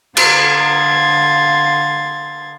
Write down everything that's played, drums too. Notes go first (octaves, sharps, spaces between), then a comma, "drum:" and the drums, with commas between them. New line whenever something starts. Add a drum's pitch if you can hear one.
D3 F5 C6 G#6 A6, drum: cymbal